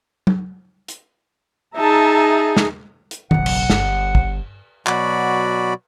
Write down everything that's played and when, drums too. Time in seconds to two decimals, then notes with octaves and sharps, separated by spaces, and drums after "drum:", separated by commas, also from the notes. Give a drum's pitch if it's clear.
0.27 drum: tom
0.88 drum: hi-hat
1.77 D#4 G#4 E5 A5 A#5
2.57 drum: snare
3.11 drum: hi-hat
3.31 F#1 B1 F#5, drum: tom D#3
3.46 drum: cymbal
3.70 G1, drum: snare
4.15 drum: kick
4.87 B2 F#3 F#4 D5 B5, drum: clap